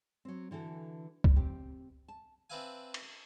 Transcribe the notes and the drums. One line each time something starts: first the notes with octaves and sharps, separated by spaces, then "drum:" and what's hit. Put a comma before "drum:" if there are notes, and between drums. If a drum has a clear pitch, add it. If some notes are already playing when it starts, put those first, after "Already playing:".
F#3 C4
D3 E3 F#4 A4
drum: kick C#2
C4 G4
A5
C4 D4 B4 E5 F5 G#5
drum: cymbal